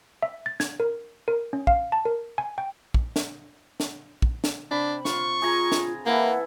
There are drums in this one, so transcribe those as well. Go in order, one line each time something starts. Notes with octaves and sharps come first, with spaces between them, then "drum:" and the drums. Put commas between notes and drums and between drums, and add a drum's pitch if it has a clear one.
E5
A6
G#6, drum: snare
A#4
A#4
C#4
F5, drum: kick
A5
A#4
G#5
G5
drum: kick
drum: snare
drum: snare
drum: kick
drum: snare
C3 D4 B5
F4 C#6, drum: snare
F4 G#4 G#5 A#5
drum: snare
E3 A#3 E4 A4 F#5